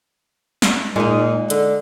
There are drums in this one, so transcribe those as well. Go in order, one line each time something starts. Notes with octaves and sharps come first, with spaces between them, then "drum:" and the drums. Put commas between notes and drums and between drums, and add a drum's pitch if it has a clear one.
drum: snare
A#2 G#3 D#4
D3, drum: hi-hat